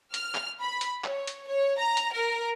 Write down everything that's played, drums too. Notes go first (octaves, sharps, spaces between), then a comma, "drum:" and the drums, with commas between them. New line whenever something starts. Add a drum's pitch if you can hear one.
F6, drum: hi-hat
drum: clap
B5
drum: hi-hat
C#5, drum: clap
drum: hi-hat
C#5
A#5
drum: hi-hat
A#4